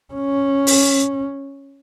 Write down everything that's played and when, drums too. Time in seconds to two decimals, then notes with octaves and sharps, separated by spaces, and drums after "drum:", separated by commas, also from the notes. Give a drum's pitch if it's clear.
0.13 C#4
0.67 drum: open hi-hat